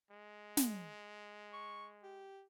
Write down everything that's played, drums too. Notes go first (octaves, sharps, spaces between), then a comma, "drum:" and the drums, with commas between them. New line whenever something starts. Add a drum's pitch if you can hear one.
G#3
drum: snare
C#6
G4